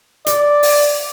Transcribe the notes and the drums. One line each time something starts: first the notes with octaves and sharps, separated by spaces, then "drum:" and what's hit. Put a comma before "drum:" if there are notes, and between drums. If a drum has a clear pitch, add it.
D5, drum: hi-hat
drum: open hi-hat